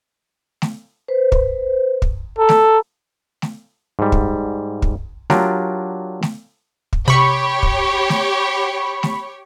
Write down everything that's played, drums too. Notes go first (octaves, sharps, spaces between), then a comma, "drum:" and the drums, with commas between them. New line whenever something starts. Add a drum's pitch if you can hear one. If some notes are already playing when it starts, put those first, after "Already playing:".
drum: snare A3
B4 C5
drum: kick
drum: kick
A4 A#5
drum: snare A3
drum: snare A3
G#2 G3
drum: kick
drum: kick
F#3 D4 F4 G4 A#4 D5, drum: snare A3
drum: snare A3
drum: kick
C3 G4 C#5 B5 C#6
drum: kick
drum: snare A3
drum: snare A3